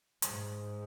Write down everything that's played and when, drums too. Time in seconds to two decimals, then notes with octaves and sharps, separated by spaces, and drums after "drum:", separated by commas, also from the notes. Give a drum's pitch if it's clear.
0.22 G#2, drum: hi-hat